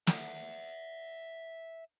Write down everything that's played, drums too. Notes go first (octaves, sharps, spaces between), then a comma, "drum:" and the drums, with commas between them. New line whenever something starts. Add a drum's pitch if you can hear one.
E5 F#5, drum: snare